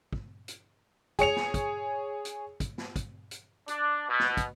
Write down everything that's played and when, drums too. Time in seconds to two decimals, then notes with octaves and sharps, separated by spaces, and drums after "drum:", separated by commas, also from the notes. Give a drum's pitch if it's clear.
0.13 drum: kick
0.48 drum: hi-hat
1.19 G#4 C#5 C#7 F7, drum: kick, hi-hat
1.36 drum: snare
1.54 drum: kick, hi-hat
2.25 drum: hi-hat
2.60 drum: kick, hi-hat
2.78 drum: snare
2.96 drum: kick, hi-hat
3.31 drum: hi-hat
3.68 D4, drum: hi-hat
4.09 B2
4.20 drum: snare
4.37 drum: kick, hi-hat